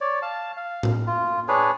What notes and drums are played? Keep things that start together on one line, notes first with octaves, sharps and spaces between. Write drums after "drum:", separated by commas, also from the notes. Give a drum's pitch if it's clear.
C#5 D5
F5 A5
F5
drum: tom A2
F4
D4 G#4 B4 C#5